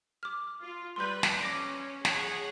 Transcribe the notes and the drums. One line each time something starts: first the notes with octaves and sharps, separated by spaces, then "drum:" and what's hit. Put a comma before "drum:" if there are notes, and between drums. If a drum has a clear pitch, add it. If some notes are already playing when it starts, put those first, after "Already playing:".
D6 F6
F4
G3 B4 C6 G6
drum: snare
C#4 D6 A#6 D7
G#4 C#5 F#5, drum: snare